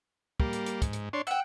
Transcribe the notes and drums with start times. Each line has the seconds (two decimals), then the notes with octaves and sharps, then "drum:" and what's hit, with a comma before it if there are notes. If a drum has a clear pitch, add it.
0.40 G3 A#3, drum: kick
0.53 drum: hi-hat
0.66 drum: hi-hat
0.82 G#2, drum: kick, hi-hat
0.93 drum: hi-hat
1.13 D4 C#5 C6
1.27 F#5 G5 E6